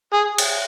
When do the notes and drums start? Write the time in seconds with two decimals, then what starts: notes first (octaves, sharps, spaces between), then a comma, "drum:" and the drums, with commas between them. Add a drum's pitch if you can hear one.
0.13 G#4
0.38 drum: cymbal